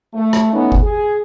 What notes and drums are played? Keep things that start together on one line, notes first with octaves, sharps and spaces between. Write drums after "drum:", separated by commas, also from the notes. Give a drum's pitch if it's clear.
A3
drum: rim click
E3 A3 B3 C#4 D#4
drum: kick G1
G#4